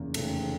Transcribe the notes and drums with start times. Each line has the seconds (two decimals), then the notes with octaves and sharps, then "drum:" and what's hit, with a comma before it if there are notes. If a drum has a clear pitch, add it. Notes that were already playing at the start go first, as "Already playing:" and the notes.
Already playing: F1 E2 C#3 A#3
0.14 F1 E2 C#3 A3, drum: cymbal